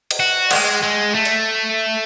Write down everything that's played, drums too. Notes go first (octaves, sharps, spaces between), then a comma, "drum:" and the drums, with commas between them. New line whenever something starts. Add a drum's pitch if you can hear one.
drum: cymbal
F#4
G#3, drum: cymbal
G#3
A3
drum: open hi-hat